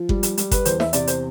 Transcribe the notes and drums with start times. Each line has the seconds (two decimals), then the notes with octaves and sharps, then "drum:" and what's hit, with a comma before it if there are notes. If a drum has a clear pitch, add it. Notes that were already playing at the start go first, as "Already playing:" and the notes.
Already playing: F3
0.09 G3, drum: kick G1
0.23 drum: hi-hat
0.37 G3, drum: hi-hat
0.51 B4, drum: kick G1, hi-hat
0.65 E2 C5, drum: hi-hat
0.80 E5, drum: snare
0.93 C3 D5, drum: hi-hat
1.07 C5, drum: hi-hat